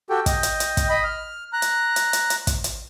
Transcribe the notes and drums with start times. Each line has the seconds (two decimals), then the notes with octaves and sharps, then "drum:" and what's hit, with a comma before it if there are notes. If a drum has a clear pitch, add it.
0.10 F#4 G4 A4 G5
0.26 D#5 G5, drum: kick, hi-hat
0.43 drum: hi-hat
0.60 drum: hi-hat
0.77 drum: kick, hi-hat
0.89 D#5 B5
1.04 F6
1.53 A#5 F#6
1.62 drum: hi-hat
1.96 drum: hi-hat
2.13 drum: hi-hat
2.30 drum: hi-hat
2.47 drum: kick, hi-hat
2.64 drum: hi-hat